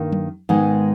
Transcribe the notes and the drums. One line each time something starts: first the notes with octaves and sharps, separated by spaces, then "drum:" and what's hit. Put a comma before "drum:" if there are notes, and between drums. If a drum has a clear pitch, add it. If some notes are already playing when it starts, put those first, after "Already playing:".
Already playing: G2 D#3 A#3
drum: tom F#3
G#2 D#3 G#3 B3